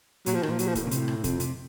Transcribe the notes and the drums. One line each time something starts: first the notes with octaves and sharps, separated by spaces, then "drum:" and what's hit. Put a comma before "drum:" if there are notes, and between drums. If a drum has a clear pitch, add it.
A#2 F#3, drum: hi-hat
F3
D#3, drum: rim click
A#2 F3
F#3, drum: hi-hat
F3
A2, drum: kick E1, hi-hat
A#2 C#3
A2 C3, drum: hi-hat
drum: rim click
F2 C3, drum: kick E1, hi-hat
C3, drum: hi-hat